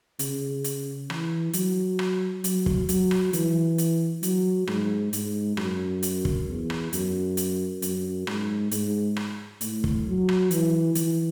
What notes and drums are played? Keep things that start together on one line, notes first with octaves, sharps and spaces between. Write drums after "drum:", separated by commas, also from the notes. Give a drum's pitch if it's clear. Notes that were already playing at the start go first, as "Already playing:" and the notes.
C#3, drum: hi-hat
drum: hi-hat
E3, drum: rim click
F#3, drum: hi-hat
drum: rim click
F#3, drum: hi-hat
drum: kick
F#3, drum: hi-hat
drum: rim click
E3, drum: hi-hat
drum: hi-hat
F#3, drum: hi-hat
G#2, drum: rim click
G#2, drum: hi-hat
F#2, drum: rim click
drum: hi-hat
drum: kick
E2
drum: rim click
F#2, drum: hi-hat
drum: hi-hat
F#2, drum: hi-hat
G#2, drum: rim click
G#2, drum: hi-hat
drum: rim click
A2, drum: hi-hat
drum: kick
F#3
drum: rim click
E3, drum: hi-hat
E3, drum: hi-hat